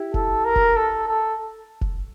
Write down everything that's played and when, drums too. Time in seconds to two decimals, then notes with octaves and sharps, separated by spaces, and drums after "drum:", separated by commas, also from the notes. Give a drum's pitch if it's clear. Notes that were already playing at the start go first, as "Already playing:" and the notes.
Already playing: E4 G4
0.14 A4, drum: kick F1
0.45 A#4
0.56 drum: kick F1
0.76 A4
1.09 A4
1.81 drum: kick F1